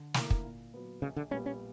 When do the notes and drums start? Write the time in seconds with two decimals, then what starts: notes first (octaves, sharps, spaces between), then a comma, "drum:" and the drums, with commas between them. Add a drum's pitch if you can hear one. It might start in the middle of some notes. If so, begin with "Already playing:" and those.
Already playing: D3
0.14 A#3 E4 A#4, drum: snare
0.30 drum: kick
0.44 A#2
0.74 F#3 B3
1.02 A#1 C#3
1.16 D3
1.31 A#2 G3 B3 C#4
1.46 C#4